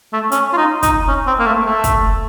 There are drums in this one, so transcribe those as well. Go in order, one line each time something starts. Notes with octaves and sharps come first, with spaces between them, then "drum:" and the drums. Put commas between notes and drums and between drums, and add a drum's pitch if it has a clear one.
A3
C#4, drum: hi-hat
F4
D#4
D#4, drum: kick, hi-hat
C#4
C4
A#3
A3
A3
drum: kick, hi-hat